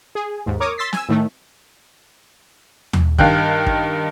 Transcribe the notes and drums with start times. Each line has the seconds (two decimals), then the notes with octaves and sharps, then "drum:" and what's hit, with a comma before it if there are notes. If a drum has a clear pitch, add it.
0.15 G#4
0.46 D#2 G#2
0.60 A#4 C#5 D6 D#6
0.78 C6 E6 A6 B6 C7
0.93 G#5 E6, drum: snare
1.09 A2 D#3 A3
2.93 drum: tom D#2
3.18 G2 D#3 F5 G5 F#6, drum: kick
3.66 drum: kick